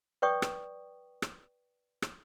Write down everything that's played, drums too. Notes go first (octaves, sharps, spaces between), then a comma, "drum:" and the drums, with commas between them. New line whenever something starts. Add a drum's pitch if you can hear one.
B4 D5 G5 C#6 D#6
drum: rim click
drum: rim click
drum: rim click